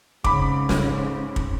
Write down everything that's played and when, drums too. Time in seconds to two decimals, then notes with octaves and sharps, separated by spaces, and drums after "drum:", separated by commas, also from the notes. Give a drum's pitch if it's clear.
0.24 G#2 C#3 C4 B5 D6, drum: kick
0.69 drum: snare
1.36 drum: kick